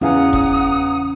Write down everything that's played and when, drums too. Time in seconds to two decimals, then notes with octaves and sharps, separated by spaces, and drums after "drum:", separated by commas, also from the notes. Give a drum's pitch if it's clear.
0.02 E2 C#4 F5 F#5 G#5 A#5 D#6
0.33 drum: kick F1